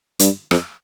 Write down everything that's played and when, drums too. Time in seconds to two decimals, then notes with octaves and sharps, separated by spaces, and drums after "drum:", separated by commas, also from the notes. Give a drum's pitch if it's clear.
0.19 G2, drum: hi-hat
0.51 F2, drum: rim click